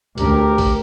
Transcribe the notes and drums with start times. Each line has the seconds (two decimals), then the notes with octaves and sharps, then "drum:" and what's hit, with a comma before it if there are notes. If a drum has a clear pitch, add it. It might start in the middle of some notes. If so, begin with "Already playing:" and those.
0.18 D2 G4 A#4, drum: hi-hat
0.58 drum: kick A1, open hi-hat